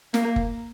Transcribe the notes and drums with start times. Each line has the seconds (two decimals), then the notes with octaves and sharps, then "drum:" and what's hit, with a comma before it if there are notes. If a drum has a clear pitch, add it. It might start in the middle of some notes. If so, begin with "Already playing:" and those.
0.14 A#3, drum: snare
0.36 drum: kick F#1